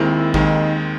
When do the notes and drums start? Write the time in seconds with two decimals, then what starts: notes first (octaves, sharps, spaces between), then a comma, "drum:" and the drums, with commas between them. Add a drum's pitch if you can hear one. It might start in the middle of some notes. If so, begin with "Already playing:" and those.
Already playing: D#2 D#3 G#3 C4 E4
0.34 D#2 D#3 G#3 C4 D#4, drum: kick